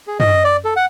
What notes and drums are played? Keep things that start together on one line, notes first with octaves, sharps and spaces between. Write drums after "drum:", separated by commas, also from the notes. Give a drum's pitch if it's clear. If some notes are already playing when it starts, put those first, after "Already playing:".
G#4
D#5, drum: tom F#2
D5
A4
F#5